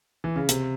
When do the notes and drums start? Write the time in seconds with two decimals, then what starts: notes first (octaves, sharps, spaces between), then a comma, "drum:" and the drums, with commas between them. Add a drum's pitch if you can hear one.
0.24 E3
0.36 C#3
0.49 C3, drum: hi-hat